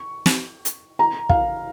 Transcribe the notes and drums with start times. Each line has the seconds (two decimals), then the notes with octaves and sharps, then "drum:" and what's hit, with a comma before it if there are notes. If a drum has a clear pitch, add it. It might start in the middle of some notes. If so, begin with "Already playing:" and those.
Already playing: C#6
0.26 drum: snare
0.65 drum: hi-hat
0.99 A#5
1.29 F5, drum: kick